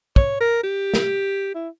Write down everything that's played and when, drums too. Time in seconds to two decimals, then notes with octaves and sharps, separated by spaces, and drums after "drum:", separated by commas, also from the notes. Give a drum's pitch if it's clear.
0.16 C#5, drum: kick
0.40 A#4
0.63 G4
0.94 drum: snare
1.54 E4